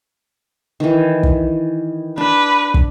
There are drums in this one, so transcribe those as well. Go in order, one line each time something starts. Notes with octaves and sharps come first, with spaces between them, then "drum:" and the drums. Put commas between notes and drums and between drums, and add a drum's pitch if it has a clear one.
D#3 E3
drum: kick
D4 B4
drum: kick